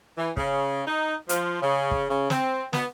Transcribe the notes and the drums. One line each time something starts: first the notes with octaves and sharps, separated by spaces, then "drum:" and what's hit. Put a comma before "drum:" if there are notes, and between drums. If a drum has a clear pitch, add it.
E3
C#3, drum: kick
D#4
F3, drum: hi-hat
C#3
drum: kick
C#3
C4, drum: snare
B3, drum: snare